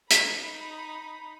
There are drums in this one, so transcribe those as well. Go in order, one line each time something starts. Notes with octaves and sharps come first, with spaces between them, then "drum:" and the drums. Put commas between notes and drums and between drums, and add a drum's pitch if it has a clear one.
D#4 B5, drum: hi-hat